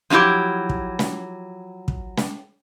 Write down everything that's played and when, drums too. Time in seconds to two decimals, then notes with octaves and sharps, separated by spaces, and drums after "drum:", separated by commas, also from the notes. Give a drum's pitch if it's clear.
0.10 F3 F#3 D#4 E4 G4
0.69 drum: kick
0.99 drum: snare
1.88 drum: kick
2.17 drum: snare